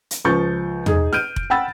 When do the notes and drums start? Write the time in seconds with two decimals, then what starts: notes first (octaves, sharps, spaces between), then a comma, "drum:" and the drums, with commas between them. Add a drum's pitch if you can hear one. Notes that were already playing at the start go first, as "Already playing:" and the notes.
0.11 drum: hi-hat
0.25 C#2 F3 C#6 G6 A6
0.86 D#4 G#4, drum: tom
1.13 F6 G6 D7 D#7, drum: snare
1.36 drum: kick F1
1.50 F#5 G5 B5 E6 A6